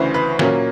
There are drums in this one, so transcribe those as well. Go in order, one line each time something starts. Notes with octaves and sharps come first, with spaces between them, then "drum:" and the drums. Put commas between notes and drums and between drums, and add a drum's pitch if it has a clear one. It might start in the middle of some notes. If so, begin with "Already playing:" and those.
Already playing: D2 C#3 E3 C5
B4
A#2 F#3 A#3 C#4, drum: snare D#3